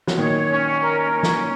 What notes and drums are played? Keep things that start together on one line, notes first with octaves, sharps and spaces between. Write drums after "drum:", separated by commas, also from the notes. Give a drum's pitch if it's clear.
F#3, drum: snare
A#2 D#3 C#5
C#4
A#4
C#4
drum: snare